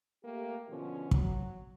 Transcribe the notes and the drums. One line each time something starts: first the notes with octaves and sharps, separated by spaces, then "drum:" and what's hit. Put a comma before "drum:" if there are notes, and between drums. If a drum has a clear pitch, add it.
A3 A#3 G4
B2 D3 F3 C#4
F#3, drum: kick